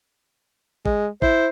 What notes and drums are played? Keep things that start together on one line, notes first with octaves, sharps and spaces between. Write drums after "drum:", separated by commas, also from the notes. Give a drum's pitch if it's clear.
G#3, drum: kick
E4 C5, drum: kick